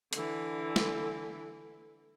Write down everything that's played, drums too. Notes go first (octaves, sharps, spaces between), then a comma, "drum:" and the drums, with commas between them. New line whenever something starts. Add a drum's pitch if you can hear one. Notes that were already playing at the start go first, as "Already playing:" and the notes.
D3 E3, drum: hi-hat
drum: snare